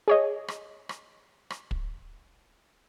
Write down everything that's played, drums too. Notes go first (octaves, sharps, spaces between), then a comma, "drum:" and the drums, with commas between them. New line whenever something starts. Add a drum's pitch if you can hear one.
G#4 C#5 D#5
drum: rim click
drum: rim click
drum: rim click
drum: kick